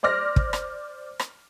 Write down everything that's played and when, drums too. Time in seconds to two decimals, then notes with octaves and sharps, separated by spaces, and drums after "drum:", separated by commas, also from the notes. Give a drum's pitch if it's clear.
0.03 C5 D5 D6 F6 A#6
0.36 drum: kick
0.53 drum: rim click
1.19 drum: rim click